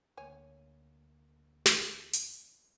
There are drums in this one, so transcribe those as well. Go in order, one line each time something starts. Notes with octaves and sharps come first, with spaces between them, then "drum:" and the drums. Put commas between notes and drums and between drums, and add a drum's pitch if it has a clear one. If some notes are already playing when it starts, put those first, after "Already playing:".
D2 D3 A#3 C#5 G#5
drum: snare
drum: hi-hat